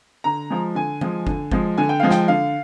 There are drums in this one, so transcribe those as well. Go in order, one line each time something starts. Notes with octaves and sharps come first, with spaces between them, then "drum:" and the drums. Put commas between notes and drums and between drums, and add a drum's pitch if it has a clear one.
D3 A#5
F3 G#3
D3 G#5
F3 G#3, drum: tom
D3, drum: kick G1
F3 G#3, drum: kick G1
D3 G#5
G5
F3 G#3 F5
G5, drum: snare
D3 F5